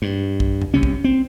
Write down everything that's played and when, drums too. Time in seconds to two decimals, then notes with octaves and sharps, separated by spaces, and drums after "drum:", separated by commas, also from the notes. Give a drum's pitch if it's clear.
0.02 G2
0.40 drum: kick
0.62 drum: tom F2
0.74 C2 C3 C#4
0.83 drum: kick
1.04 C4